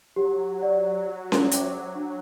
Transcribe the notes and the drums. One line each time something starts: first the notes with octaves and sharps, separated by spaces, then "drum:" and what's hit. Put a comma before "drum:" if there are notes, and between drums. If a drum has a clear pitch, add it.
F#3 G4
D5 F#5
F#4
drum: snare C#4
C5 E5 G5 D6, drum: hi-hat
D4